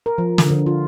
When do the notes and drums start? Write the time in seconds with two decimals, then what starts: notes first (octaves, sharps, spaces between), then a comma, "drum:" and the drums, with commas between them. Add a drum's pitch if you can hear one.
0.06 A#4
0.18 F3
0.38 D3, drum: snare
0.51 D3
0.66 F4